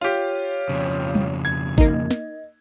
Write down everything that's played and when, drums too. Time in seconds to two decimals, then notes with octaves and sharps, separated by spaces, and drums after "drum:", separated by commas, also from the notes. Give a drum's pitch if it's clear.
0.01 F4 G4 C#5
0.69 F2 C#3
1.15 drum: tom
1.45 G#6
1.78 A#3 D#4 D#5, drum: kick
2.11 drum: snare